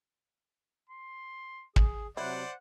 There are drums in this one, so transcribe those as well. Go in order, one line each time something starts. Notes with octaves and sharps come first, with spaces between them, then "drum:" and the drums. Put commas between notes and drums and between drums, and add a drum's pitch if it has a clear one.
C6
G#4, drum: kick
C3 F#3 E4 C5 D5 F#5